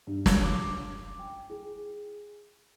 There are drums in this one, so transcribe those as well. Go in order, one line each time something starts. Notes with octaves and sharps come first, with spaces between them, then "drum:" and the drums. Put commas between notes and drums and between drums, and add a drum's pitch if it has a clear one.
G2
drum: snare
D6
G5
G#4